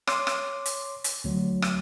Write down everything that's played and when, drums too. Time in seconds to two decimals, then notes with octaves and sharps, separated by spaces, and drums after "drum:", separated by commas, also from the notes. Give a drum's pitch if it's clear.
0.07 C#5 C6 D6, drum: rim click
0.27 drum: rim click
0.66 drum: hi-hat
1.04 drum: hi-hat
1.24 D2 F#3
1.62 drum: rim click